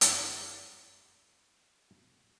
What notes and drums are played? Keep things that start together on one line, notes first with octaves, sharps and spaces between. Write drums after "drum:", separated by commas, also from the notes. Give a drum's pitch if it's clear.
G1 F#2 C4 D4 A#5, drum: hi-hat